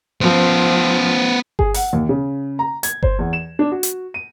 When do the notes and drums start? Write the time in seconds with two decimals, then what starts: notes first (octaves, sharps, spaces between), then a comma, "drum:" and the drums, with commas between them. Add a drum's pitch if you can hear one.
0.21 F3 B3 C5
1.59 G#4, drum: kick G1
1.74 F#5, drum: open hi-hat
1.93 D#2
2.09 C#3
2.59 A#5
2.83 G#6, drum: hi-hat
3.03 C5, drum: kick G1
3.19 E2
3.33 E7
3.59 D4
3.72 F#4
3.83 drum: hi-hat
4.14 D#7